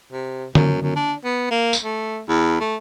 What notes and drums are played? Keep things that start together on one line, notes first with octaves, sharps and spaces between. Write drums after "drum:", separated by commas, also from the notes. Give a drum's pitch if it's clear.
C3
F#2, drum: tom D3
F#2
D4
B3
A#3
drum: tambourine
A3
E2
A3